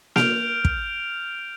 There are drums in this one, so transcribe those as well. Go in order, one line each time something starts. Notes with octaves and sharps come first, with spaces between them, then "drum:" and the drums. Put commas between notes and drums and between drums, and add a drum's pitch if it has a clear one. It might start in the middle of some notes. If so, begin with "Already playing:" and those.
F6 G6 D7 F7, drum: snare A#3
drum: kick